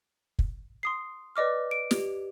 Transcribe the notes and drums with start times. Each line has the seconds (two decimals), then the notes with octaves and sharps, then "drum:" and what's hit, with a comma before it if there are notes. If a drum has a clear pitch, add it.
0.39 drum: kick
0.83 C6 D#6 C7
1.36 B4 D5 D#5 D6 F6
1.71 D7
1.91 G4, drum: snare